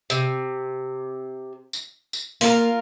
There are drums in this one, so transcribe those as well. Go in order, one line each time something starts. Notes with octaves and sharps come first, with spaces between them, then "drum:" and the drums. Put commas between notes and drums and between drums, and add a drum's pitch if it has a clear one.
C3, drum: tambourine
drum: tambourine
drum: tambourine
A#3 F4 A#4, drum: open hi-hat